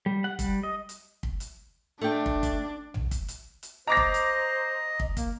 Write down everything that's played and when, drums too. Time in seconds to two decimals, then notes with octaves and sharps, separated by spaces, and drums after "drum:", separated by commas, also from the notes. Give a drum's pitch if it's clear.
0.06 G3
0.24 F#5
0.39 G3, drum: kick, hi-hat
0.63 D#5
0.89 drum: hi-hat
1.23 drum: kick
1.40 drum: hi-hat
2.01 A3 D4 G5
2.26 drum: kick
2.43 drum: kick, hi-hat
2.94 drum: tom B1
3.11 drum: kick, hi-hat
3.28 drum: hi-hat
3.63 drum: hi-hat
3.87 C5 D#5 A#5 D6 A#6
3.97 drum: kick
4.14 drum: hi-hat
5.00 drum: kick
5.17 A#3, drum: kick, hi-hat